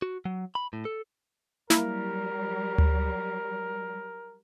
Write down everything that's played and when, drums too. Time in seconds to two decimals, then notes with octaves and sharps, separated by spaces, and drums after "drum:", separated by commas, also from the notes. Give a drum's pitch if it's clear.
0.02 F#4
0.25 F#3
0.55 B5
0.73 A2
0.85 A4
1.70 F#3 G3 A#3 E4 A#4, drum: snare
2.78 drum: tom D2